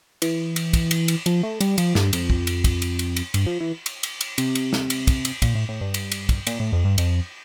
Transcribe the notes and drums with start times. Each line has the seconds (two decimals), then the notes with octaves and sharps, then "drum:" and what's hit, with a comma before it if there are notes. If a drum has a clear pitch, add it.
0.22 E3, drum: cymbal
0.56 drum: cymbal
0.73 drum: kick, cymbal
0.91 drum: cymbal
1.08 drum: cymbal
1.26 F3, drum: cymbal
1.43 A3
1.61 G3, drum: cymbal
1.78 F3, drum: cymbal
1.95 G2, drum: snare
2.13 F2, drum: cymbal
2.30 drum: kick
2.47 drum: cymbal
2.64 drum: kick, cymbal
2.82 drum: cymbal
2.99 drum: cymbal
3.16 drum: cymbal
3.34 G2, drum: cymbal
3.46 F3
3.60 E3
3.86 drum: cymbal
4.03 drum: cymbal
4.21 drum: cymbal
4.38 C3, drum: cymbal
4.55 drum: cymbal
4.73 drum: snare
4.90 drum: cymbal
5.07 drum: kick, cymbal
5.25 drum: cymbal
5.42 A#2, drum: kick, cymbal
5.55 A2
5.69 A2
5.81 G2
5.94 drum: cymbal
6.12 drum: cymbal
6.29 drum: kick, cymbal
6.47 A#2, drum: cymbal
6.60 A2
6.73 F2
6.85 G2
6.98 F2, drum: cymbal